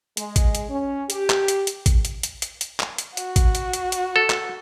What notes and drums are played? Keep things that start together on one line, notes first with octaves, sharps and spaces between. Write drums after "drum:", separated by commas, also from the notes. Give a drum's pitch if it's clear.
G#3, drum: hi-hat
drum: kick, hi-hat
drum: hi-hat
C#4
G4, drum: hi-hat
drum: clap
drum: hi-hat
drum: hi-hat
drum: kick, hi-hat
drum: hi-hat
drum: hi-hat
drum: hi-hat
drum: hi-hat
drum: clap
drum: hi-hat
F#4, drum: hi-hat
drum: kick, hi-hat
drum: hi-hat
drum: hi-hat
drum: hi-hat
A4
drum: clap